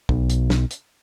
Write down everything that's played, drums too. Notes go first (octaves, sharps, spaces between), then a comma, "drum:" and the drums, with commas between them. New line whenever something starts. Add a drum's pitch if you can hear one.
B1, drum: kick
drum: hi-hat
drum: snare
drum: hi-hat